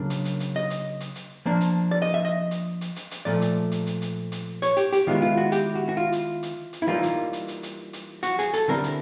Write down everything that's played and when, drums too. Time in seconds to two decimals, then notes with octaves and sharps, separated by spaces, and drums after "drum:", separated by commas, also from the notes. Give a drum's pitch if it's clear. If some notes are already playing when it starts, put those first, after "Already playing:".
Already playing: C#3 F#3 A#3 D4
0.10 drum: hi-hat
0.25 drum: hi-hat
0.40 drum: hi-hat
0.56 D#5
0.70 drum: hi-hat
1.00 drum: hi-hat
1.15 drum: hi-hat
1.46 F3 A#3 D4
1.61 drum: hi-hat
1.91 D5
2.02 D#5
2.14 E5
2.25 D#5
2.51 drum: hi-hat
2.81 drum: hi-hat
2.96 drum: hi-hat
3.11 drum: hi-hat
3.25 A#2 F3 A3 D5
3.41 drum: hi-hat
3.72 drum: hi-hat
3.87 drum: hi-hat
4.02 drum: hi-hat
4.32 drum: hi-hat
4.62 C#5, drum: hi-hat
4.77 G4, drum: hi-hat
4.93 G4, drum: hi-hat
5.07 D#3 G#3 B3 E4 F4
5.22 F4
5.38 F#4
5.52 G4, drum: hi-hat
5.75 F#4
5.89 F#4
5.97 F4
6.13 drum: hi-hat
6.43 drum: hi-hat
6.73 drum: hi-hat
6.82 E4
6.87 E3 G3 A#3 D#4 F4
7.03 drum: hi-hat
7.33 drum: hi-hat
7.48 drum: hi-hat
7.63 drum: hi-hat
7.93 drum: hi-hat
8.23 F#4, drum: hi-hat
8.39 G#4, drum: hi-hat
8.54 A4, drum: hi-hat
8.68 D3 G3 C4 E4 A#4
8.84 drum: hi-hat